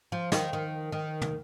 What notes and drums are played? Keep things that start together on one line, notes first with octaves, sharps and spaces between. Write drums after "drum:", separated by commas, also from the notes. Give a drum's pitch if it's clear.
F3
D#3, drum: snare
D#3
D#3
drum: tom